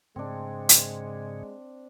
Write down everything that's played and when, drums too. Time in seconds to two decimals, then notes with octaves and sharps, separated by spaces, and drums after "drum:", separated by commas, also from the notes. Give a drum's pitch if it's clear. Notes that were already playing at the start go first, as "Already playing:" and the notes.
0.16 G#2 C#3 G#3 C4 D4
0.69 drum: hi-hat